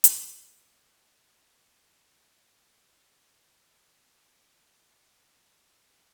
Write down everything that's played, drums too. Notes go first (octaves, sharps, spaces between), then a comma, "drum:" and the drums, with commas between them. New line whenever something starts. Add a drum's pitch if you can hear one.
drum: hi-hat
C#3
A#4
A2
G#3
C6
C#5
C#5
B2
B3
D#5
G3
A#2
G2
G#2
F#2
C#2
F#1
G3
A2
D3
G2